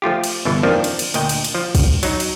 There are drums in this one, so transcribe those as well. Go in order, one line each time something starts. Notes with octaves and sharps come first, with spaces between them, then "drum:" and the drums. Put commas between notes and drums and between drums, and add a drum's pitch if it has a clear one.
F3 A3 F4 G4
drum: cymbal
G1 B2 E3
F2 D#3 F3 A#3 C4 D4
drum: cymbal
drum: cymbal
D2 A#2 D#5 G5, drum: cymbal
drum: cymbal
drum: cymbal
F3
drum: kick, cymbal
F#3 D#4, drum: cymbal
drum: cymbal